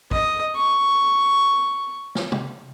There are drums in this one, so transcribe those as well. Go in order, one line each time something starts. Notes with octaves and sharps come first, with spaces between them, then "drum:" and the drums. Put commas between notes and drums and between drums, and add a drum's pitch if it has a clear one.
D#5, drum: kick
C#6
drum: snare
drum: tom